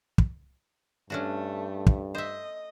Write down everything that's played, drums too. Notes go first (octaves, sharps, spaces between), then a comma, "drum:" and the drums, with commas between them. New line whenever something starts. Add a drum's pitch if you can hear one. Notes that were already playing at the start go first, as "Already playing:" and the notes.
drum: kick
G2 A3 C#4 D4 F#4
drum: kick
C5 D#5 E5